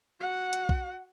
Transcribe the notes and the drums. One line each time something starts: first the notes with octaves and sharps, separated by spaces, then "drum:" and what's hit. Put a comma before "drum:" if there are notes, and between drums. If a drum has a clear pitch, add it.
F#4 F#5
drum: hi-hat
drum: kick